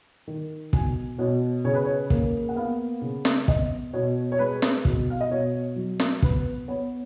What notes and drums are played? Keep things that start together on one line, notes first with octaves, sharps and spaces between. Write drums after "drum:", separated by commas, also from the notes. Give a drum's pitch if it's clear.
D#3
B2 G#5, drum: kick
B2 C#5
C#3 C#5
B4
C#5
A#3, drum: kick
F#5
B3 F5
C#3
drum: snare
B3 D#5, drum: kick
B2 C#5
C#5
G#3 B4
drum: snare
B2, drum: kick
F5
D#5
B2 C#5
F#3
drum: snare
B3 B4, drum: kick
B3 C#5